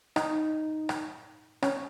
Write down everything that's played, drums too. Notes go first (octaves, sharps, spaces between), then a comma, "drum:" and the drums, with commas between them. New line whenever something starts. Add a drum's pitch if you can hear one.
D#4, drum: rim click
drum: rim click
C#4, drum: rim click